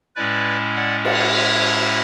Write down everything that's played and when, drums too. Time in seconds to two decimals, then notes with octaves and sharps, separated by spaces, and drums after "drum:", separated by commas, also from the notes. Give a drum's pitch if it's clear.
0.16 A2 G#3 C#4 E4 B4 D5
0.76 D5 F#5
1.05 D5 F#5, drum: cymbal
1.35 C#5 E5